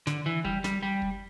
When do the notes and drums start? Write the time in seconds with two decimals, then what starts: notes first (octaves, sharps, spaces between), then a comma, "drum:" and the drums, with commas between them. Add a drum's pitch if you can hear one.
0.07 D3, drum: snare
0.26 E3
0.45 G3, drum: kick
0.64 G3, drum: snare
0.83 G3
1.02 drum: kick